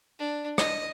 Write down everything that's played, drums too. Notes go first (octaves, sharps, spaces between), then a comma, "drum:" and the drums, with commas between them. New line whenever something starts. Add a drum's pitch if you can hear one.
D4
D#5, drum: rim click